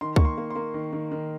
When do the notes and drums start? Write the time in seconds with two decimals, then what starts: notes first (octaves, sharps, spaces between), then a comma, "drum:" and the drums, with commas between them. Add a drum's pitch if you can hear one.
0.01 D#3 C6
0.16 A#3 C#6, drum: kick C#2
0.25 C6
0.38 A#3
0.50 C6
0.55 A#3
0.74 D#3
0.93 D#3
1.12 D#3